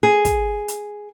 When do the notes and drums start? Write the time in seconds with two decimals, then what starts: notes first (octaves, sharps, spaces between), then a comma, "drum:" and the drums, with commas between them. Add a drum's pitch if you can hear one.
0.03 G#4
0.25 drum: kick, hi-hat
0.68 drum: hi-hat